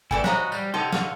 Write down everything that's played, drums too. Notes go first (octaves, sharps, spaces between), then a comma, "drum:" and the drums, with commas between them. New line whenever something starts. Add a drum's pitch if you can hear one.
E3 A3 E4 G4 A4 D5 G#5, drum: kick
F#4 C5 C#5 D#5 F5 A#5 B5, drum: snare
G3, drum: tambourine
D#4 G4 A4 D#5 F#5 G5 C6
F5 C#6, drum: snare